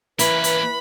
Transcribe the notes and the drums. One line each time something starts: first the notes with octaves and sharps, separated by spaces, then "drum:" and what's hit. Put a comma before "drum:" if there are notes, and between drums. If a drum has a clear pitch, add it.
E3 A#3 C#4 B4 B5, drum: hi-hat
drum: hi-hat